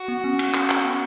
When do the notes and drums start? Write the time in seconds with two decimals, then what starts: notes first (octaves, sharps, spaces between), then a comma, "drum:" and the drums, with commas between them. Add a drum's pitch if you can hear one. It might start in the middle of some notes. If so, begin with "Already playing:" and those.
Already playing: F#4
0.08 B3
0.24 C#4
0.39 drum: cymbal
0.54 drum: clap
0.70 drum: clap
0.85 B3